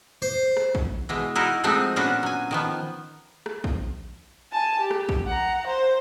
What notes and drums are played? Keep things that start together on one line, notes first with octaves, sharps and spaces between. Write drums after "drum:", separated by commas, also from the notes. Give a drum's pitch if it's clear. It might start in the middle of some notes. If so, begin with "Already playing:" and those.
C5
drum: rim click
drum: kick
B2 E3 G#3
D#4 E4 F#4 A#4
F3 G#3 A3 C4 D#4 F#4
A#2 B3 C#4 D4 F#4 F#5
F#3 G#5
D#3 F3 B3
drum: rim click
drum: kick
G#5 A5
G4
drum: rim click
drum: kick
F#5 A#5
C5